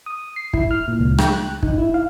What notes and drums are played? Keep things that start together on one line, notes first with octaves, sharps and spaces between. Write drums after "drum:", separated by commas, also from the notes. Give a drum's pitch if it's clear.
D#6
C7
E4, drum: kick
F6
A#2
C#2
G5, drum: rim click
F#6
D#4, drum: kick
E4
F5